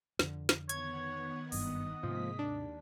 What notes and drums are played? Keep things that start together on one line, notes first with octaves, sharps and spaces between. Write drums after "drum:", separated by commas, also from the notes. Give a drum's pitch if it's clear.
F2 D3, drum: snare
drum: snare
D#3 B3 C#5 F#5 G#6, drum: hi-hat
F#1 G2 D#5, drum: open hi-hat
G#2 C3 F3 G#3 A#3 B6
D#2 D4